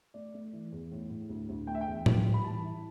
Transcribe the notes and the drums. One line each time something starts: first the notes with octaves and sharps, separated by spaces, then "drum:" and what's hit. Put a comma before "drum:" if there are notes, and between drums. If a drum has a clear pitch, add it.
A3 D5
A3
E3
E2
A2
A2
D2
D2
A3 G5
E5
G5
E2
G3, drum: tom A2
G3
B5
E3 A5
E4